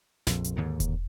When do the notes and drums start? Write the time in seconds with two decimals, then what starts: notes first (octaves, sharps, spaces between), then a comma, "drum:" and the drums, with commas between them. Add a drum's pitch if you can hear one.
0.27 A#1 F2, drum: snare
0.44 drum: hi-hat
0.56 D#2 G#2 D3
0.80 drum: kick E1, hi-hat